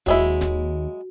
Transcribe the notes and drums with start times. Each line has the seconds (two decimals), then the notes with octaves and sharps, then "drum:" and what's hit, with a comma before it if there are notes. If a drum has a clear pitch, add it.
0.06 D#2 F#3 G#3 E4 F#4, drum: kick, hi-hat
0.41 drum: snare D1